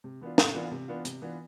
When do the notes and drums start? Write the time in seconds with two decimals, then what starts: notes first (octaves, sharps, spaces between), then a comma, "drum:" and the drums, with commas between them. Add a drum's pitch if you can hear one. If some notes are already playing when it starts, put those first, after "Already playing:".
0.04 C3
0.21 E3 B3 D4 F4
0.38 C3, drum: snare
0.55 E3 B3 D4 F4
0.72 C3
0.88 E3 B3 D4 F4
1.05 C3, drum: hi-hat
1.22 E3 B3 D4 F4